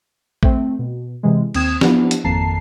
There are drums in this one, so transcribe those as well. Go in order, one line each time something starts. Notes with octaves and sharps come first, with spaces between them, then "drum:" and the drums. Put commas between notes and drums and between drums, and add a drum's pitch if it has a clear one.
A3 C4, drum: kick A1
B2
C3 E3 G#3
D#2 C4 D#6 G#6 E7, drum: cymbal
F3 B3 D4 E4 G4, drum: snare
drum: hi-hat
G#1 F2 A#3 A5 A#5 C7